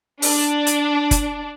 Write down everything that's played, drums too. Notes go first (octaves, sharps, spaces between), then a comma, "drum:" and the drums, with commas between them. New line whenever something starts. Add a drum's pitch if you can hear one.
D4, drum: open hi-hat
drum: hi-hat
drum: kick, hi-hat